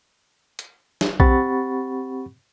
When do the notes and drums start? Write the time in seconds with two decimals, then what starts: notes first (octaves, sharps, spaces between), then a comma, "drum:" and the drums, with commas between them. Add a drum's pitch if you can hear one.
0.59 drum: hi-hat
1.01 drum: snare
1.20 C4 G4 F#5 B5 C#6 A6, drum: kick B1